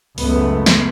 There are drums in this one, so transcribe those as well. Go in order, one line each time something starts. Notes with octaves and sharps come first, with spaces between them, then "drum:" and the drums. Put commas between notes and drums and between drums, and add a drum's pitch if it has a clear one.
C#2 F#2 C#3 A3 B3, drum: open hi-hat
drum: snare